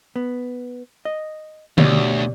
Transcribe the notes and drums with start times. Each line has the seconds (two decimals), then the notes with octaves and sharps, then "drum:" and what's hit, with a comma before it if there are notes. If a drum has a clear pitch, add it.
0.16 B3
1.05 D#5
1.78 D2 B2 G4 C#5 D5, drum: tom D3